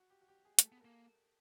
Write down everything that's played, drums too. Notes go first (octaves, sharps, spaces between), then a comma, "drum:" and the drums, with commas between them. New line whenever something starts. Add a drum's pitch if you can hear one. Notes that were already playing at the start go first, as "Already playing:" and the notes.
Already playing: F#4
G4
F#4
G4
G#4
A3, drum: hi-hat
A4
B3
A#3 A#4